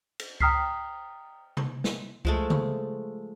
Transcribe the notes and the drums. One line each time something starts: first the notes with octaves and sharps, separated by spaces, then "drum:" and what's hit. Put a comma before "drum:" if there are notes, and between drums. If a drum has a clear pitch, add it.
drum: cymbal
G5 A#5 D#6 F6 B6 C7, drum: kick C#2
drum: tom C3
drum: snare
F3 G#3 A3, drum: kick C#2
drum: tom C#3